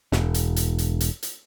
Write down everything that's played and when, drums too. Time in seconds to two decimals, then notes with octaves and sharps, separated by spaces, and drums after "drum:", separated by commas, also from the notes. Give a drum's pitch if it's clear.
0.12 E1, drum: snare
0.34 drum: hi-hat
0.56 drum: hi-hat
0.78 drum: hi-hat
1.00 drum: hi-hat
1.23 drum: hi-hat